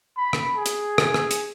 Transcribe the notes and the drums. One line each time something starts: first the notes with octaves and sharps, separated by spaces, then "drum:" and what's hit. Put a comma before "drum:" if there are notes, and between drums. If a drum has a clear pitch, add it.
B5
drum: rim click
G#4
drum: hi-hat
drum: rim click
drum: rim click
drum: hi-hat